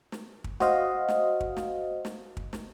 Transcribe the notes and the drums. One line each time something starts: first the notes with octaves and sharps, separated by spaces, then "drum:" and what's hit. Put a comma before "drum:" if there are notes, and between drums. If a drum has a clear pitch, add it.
drum: snare
drum: kick
F#4 C5 D#5 F5, drum: snare
drum: snare
drum: kick
drum: snare
drum: snare
drum: kick
drum: snare